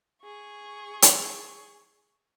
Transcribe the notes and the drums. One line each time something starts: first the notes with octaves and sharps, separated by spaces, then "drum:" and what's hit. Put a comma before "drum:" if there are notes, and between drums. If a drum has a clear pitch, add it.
G#4 C#6
drum: hi-hat